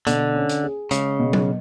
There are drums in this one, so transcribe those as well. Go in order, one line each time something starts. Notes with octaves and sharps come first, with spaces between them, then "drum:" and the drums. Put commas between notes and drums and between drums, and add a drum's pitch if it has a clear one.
B2 D3, drum: hi-hat
C#4
drum: hi-hat
G#4
C#3 G#3, drum: hi-hat
B2
drum: tom F#3